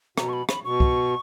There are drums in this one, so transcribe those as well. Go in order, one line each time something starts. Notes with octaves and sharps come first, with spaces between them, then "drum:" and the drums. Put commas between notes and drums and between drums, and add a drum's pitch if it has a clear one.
B2 A#5, drum: rim click
C#6
B5
B5, drum: rim click
B2 C#6
drum: kick C2